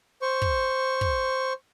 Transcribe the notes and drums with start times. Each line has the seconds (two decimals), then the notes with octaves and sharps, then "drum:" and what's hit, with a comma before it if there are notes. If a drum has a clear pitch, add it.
0.22 C5 C#6
0.42 drum: kick
1.01 drum: kick